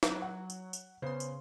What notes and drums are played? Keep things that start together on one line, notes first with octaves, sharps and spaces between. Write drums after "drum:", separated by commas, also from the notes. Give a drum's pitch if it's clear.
F#3, drum: snare
F#5
drum: tambourine
drum: tambourine
C#3 B3 C5 C6
drum: tambourine